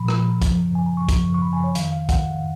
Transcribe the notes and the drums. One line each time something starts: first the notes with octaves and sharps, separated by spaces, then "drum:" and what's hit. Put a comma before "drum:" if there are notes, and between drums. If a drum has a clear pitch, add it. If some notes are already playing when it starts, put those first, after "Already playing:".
Already playing: A#2 F3 B5
A#5, drum: rim click
F#2 C#3 F3, drum: kick, hi-hat
G#5
A#5
C#6
F#2 C#3 F3, drum: kick, hi-hat
C#6
B5
G#5
C#5
F2 D#3 F5, drum: hi-hat
F5
F#5, drum: kick, hi-hat